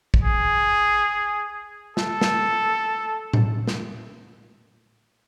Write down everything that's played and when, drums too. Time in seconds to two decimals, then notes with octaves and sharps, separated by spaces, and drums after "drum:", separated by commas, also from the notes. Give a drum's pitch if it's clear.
0.14 drum: kick
0.23 G#4
1.97 A4, drum: snare
2.21 drum: snare
3.33 drum: tom A2
3.67 drum: snare